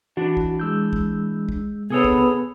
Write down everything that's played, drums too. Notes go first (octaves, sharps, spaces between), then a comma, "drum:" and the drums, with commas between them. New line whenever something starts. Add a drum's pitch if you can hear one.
E3 D4 F#4
drum: kick
G#3 E6 G6
drum: kick
drum: kick
C3 B3 G#4 A4 C#5 D#6 E6
drum: kick